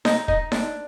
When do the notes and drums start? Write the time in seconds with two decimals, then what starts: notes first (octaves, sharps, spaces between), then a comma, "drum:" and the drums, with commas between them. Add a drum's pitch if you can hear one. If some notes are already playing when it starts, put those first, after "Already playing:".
0.05 D#4, drum: snare D#4
0.28 D#4, drum: kick
0.52 D4, drum: snare D#4